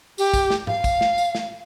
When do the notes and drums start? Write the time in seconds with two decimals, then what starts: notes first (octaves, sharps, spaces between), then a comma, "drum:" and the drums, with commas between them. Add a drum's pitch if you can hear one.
0.18 G4, drum: tambourine
0.34 drum: kick, tambourine
0.50 drum: snare
0.67 F5, drum: tom G#2
0.84 drum: kick, tambourine
1.01 drum: snare
1.18 drum: tambourine
1.35 drum: snare